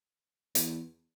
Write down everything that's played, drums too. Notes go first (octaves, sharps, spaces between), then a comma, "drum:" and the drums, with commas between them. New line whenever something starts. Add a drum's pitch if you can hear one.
E2, drum: hi-hat